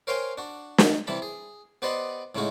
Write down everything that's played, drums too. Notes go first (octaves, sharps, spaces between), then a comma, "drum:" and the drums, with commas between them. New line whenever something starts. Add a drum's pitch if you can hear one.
A#4 C5 C#5 F5 G5 G#5
D4 F#4
drum: snare
C3 E3 G3 A5 B5
G#4
B3 G4 C5 D5 D#5 F#5
A2 C#3 G#3 C#4 D#4 F#4